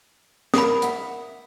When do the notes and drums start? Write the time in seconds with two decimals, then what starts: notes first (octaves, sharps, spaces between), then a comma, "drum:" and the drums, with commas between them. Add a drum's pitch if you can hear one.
0.54 B3 A#4 F5 B5 D#6, drum: snare
0.82 E5 F#5, drum: hi-hat